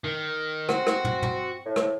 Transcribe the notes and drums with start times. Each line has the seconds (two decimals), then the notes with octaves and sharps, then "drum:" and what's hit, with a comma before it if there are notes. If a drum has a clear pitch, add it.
0.04 D#3
0.69 C4 F#4, drum: rim click
0.87 drum: rim click
1.05 drum: tom
1.22 drum: tom
1.66 A2
1.76 drum: rim click